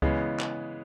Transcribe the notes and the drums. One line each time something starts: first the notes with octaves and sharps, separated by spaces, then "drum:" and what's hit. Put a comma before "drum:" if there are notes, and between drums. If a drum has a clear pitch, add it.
C#3 E3 G#3 B3, drum: kick C#2
drum: clap